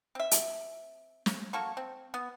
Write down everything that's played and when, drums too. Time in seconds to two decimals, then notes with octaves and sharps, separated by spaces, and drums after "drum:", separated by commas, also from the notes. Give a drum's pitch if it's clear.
0.15 C4 E5
0.31 drum: hi-hat
1.26 drum: snare
1.53 A#3 F#4 A4 C#6
1.77 C4
2.14 B3